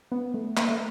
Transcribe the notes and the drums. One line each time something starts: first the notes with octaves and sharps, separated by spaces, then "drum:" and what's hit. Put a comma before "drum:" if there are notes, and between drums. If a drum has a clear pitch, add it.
B3
A3
A#3, drum: clap
A3